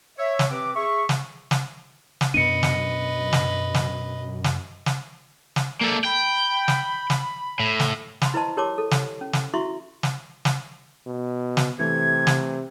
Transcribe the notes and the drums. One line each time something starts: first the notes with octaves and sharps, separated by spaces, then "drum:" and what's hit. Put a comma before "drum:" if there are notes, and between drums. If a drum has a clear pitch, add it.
C#5 E5
drum: snare
C3 C4 B4 D6
G#4 E5 C#6
drum: snare
drum: snare
drum: snare
F#2 B2 B3 D4 B4 D#5 C#7 D#7
drum: snare
drum: snare
drum: snare
drum: snare
drum: snare
drum: snare
A#3 A4 D5
G5 B5
drum: snare
drum: snare
A2
drum: snare
B5 C6, drum: snare
E4 B4 C5 D#5 A5 C6
G4 A#4 C#5 A5 C6 D6
A4
drum: snare
C#4
drum: snare
E4 F#4 E5 C6 C#6
drum: snare
drum: snare
B2
drum: snare
C3 E3 A3 A4 G#6
drum: snare